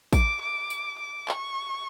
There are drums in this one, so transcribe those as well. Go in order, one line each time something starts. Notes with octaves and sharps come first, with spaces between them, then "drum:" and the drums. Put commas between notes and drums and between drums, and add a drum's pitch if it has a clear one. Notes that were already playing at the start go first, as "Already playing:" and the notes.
D6, drum: kick A1, tambourine
D6
drum: tambourine
D6
C#6, drum: clap